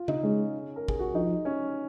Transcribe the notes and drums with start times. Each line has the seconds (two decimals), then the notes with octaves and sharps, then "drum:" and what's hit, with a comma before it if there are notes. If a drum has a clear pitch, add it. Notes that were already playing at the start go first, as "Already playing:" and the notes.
Already playing: F4
0.08 D#4, drum: tom C#3
0.23 G#3 C#4
0.76 A#4
0.88 G#4, drum: kick
0.99 F#4
1.14 F3 D#4
1.45 C#4